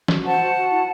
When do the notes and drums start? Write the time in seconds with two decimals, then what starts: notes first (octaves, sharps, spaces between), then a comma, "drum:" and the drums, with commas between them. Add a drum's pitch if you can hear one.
0.08 F#4, drum: snare
0.24 C5 F#5 A5
0.40 F#4
0.55 F#4
0.71 E4